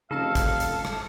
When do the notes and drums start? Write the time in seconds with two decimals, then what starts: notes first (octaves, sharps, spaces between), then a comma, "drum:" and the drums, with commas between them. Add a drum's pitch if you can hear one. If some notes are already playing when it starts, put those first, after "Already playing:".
0.11 F1 C#3 D#4 A4 D#5 F5
0.35 drum: kick, hi-hat
0.60 drum: hi-hat
0.85 drum: rim click